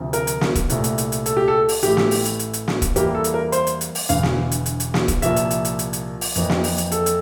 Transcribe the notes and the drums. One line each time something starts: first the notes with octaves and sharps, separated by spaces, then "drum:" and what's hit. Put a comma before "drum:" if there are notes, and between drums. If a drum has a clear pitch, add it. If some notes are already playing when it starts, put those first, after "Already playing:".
Already playing: D2 C3 F3
A#4, drum: hi-hat
drum: hi-hat
drum: snare
drum: kick E1, hi-hat
C2 A#2 A3, drum: hi-hat
drum: hi-hat
drum: hi-hat
drum: hi-hat
A4, drum: hi-hat
G4
A4
drum: open hi-hat
A1 A2 E3 A3 G4, drum: hi-hat
drum: snare
drum: open hi-hat
drum: hi-hat
drum: hi-hat
drum: hi-hat
drum: snare
drum: kick E1, hi-hat
E2 E3 G3 A#3 G4, drum: hi-hat
A4
drum: hi-hat
A#4
C5, drum: hi-hat
drum: hi-hat
drum: hi-hat
drum: open hi-hat
E1 E2 D3 F5, drum: hi-hat
drum: snare
drum: hi-hat
drum: hi-hat
drum: hi-hat
drum: snare
drum: kick E1, hi-hat
C2 A#2 F3 A#3 E5, drum: hi-hat
drum: hi-hat
drum: hi-hat
drum: hi-hat
drum: hi-hat
drum: hi-hat
drum: open hi-hat
F2 E3 A#3, drum: hi-hat
drum: snare
drum: open hi-hat
drum: hi-hat
A4, drum: hi-hat
drum: hi-hat